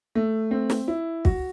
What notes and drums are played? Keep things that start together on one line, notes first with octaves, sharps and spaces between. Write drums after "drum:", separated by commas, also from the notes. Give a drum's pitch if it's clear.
A3
C4
drum: snare
E4
F#4, drum: kick